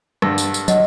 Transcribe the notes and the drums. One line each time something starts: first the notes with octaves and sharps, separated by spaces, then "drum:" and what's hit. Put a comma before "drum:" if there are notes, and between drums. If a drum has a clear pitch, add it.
G2 D3 A5 E6 A#6, drum: rim click
D4, drum: tambourine
drum: tambourine
F#3 D#5 F#5, drum: tambourine